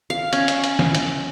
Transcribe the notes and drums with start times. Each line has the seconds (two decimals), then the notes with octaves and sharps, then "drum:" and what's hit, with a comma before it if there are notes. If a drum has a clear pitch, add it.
0.10 F5
0.33 C#4, drum: hi-hat
0.48 drum: hi-hat
0.64 drum: hi-hat
0.79 drum: snare
0.95 drum: hi-hat